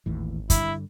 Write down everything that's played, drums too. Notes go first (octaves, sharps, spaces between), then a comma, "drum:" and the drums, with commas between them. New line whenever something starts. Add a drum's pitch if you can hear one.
G#1 D#2 A2 E3
G2 D3 E4, drum: kick, hi-hat